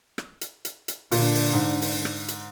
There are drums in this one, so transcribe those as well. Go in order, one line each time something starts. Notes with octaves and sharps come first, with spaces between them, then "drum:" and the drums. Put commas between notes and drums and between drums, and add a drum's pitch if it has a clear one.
drum: rim click
drum: hi-hat
drum: hi-hat
drum: hi-hat
A#2 D3 D4, drum: open hi-hat
drum: open hi-hat
G#2
drum: open hi-hat
drum: rim click
drum: hi-hat